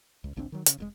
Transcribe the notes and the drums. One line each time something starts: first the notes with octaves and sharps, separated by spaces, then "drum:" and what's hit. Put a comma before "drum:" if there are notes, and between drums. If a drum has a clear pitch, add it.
C#2
G#1 C#2 C4 D4
D#3 F#3
C#3, drum: hi-hat
F1 A2 G#3